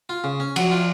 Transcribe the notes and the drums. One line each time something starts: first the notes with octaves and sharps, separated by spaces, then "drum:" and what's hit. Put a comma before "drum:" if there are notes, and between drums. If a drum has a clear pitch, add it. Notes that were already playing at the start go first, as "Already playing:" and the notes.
F4
C#3
C#4
F3 F#3, drum: cymbal
F4